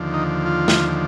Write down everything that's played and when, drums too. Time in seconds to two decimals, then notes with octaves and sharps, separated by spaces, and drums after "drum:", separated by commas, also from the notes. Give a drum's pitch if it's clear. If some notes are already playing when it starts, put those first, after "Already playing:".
Already playing: D#2 D3 F3
0.14 D#4
0.46 F4
0.68 drum: snare